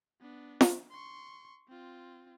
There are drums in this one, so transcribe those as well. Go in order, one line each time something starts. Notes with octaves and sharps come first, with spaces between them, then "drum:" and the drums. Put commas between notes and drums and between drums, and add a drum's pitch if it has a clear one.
B3 D4
drum: snare F4
C6 C#6
C4 F4